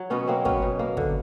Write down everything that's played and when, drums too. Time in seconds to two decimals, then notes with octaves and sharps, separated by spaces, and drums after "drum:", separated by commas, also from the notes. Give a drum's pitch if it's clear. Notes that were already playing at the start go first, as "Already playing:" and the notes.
Already playing: F#3
0.10 B2 B3 C#4
0.27 F#3 A#3 C4
0.45 A#3 B3 C#4, drum: kick
0.62 B2
0.79 A#3
0.97 D3, drum: kick